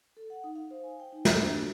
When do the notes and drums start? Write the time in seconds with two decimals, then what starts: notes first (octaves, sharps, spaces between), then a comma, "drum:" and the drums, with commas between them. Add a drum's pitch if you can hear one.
0.17 A4
0.30 F#5
0.44 D#4
0.56 F5
0.71 C5
0.84 G#5
1.00 G5
1.12 D#4
1.25 C5, drum: snare
1.39 D4
1.52 F#4